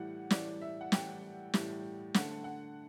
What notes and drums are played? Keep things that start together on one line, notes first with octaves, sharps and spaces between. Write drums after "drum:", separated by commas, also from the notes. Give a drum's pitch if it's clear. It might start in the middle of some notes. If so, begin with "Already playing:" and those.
Already playing: A2 E3 G3 F#5
A2 E3 G3 D5, drum: snare
E5
F#5
A2 E3 G3 G5, drum: snare
A2 E3 G3, drum: snare
D3 A3 F#5, drum: snare
F#5